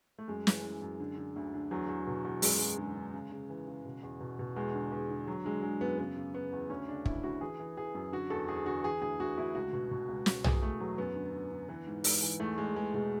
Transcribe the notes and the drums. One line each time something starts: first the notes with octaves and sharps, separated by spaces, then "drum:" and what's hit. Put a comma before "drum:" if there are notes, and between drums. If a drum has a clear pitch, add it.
A3
F#2 G#3
E3, drum: snare
E3
F#2
D3
D3
D2
D3
E2 F#3
E2
B2
E2
F#2 G#3, drum: open hi-hat
F#2
D3 G#3
D3
C#3
C#3
E3
C#3
B2
E2
B2
B2
E2 G#3
D3
E2
D3
D3 F#3
D3 G#3
D3 G#3
F#2 B3
C#3 B3
C#3
C#3 B3
E2
D2 C#4
C#3 D4
D2 E4, drum: kick
D2 F#4
E3 G#4
E3
E3 G#4
F#2
D3 F#4
E2 A4
E2 G#4
D3 F#4
E3 G#4
D2 G#4
D2 F#4
D2 E4
C#2 F#4
B2
B2
C#2
B2 F#4, drum: snare
B2 G#4, drum: tom B1
E2 A3
E2 F#3
F#2 B3
D3
D3
D3
E3
G#2
G#2, drum: open hi-hat
E3
E2 A3
E2 G#3
E2 G#3
B2 G#3